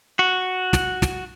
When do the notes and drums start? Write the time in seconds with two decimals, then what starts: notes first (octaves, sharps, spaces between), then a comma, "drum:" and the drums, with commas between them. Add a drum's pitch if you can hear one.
0.19 F#4
0.73 drum: snare
1.02 drum: snare